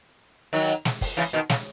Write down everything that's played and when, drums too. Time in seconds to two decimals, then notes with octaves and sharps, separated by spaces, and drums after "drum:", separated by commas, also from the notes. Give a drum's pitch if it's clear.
0.53 D#3 F#3, drum: hi-hat
0.69 drum: hi-hat
0.85 drum: snare
1.01 drum: kick, open hi-hat
1.17 C#3 E3, drum: hi-hat
1.33 B2 D#3, drum: hi-hat
1.50 C#3, drum: snare